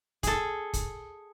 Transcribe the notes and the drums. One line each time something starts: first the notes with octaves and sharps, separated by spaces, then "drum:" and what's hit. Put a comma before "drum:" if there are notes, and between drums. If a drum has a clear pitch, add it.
G#4 A4, drum: kick, hi-hat
drum: kick, hi-hat